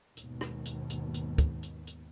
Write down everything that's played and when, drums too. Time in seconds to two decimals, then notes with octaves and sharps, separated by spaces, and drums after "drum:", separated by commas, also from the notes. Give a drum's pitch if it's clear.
0.17 D#2 G#2 B2, drum: hi-hat
0.41 drum: rim click
0.65 drum: hi-hat
0.90 drum: hi-hat
1.14 drum: hi-hat
1.38 drum: kick, hi-hat
1.63 drum: hi-hat
1.87 drum: hi-hat